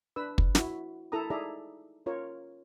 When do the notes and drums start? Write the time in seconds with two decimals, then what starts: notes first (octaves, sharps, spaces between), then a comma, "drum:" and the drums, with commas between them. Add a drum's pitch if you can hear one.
0.16 D4 B4 E6
0.38 drum: kick
0.55 E4 F#4, drum: snare
1.12 E4 A4 A#4 A#5 D#6
1.30 D#4 G#4 A4 D5 E5 A#5
2.06 C#4 F4 A#4 C#5